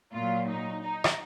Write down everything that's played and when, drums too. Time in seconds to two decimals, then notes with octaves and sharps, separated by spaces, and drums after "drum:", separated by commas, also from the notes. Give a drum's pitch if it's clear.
0.13 A#2 F#3 F4
0.48 D#4
0.82 D#4
1.04 drum: rim click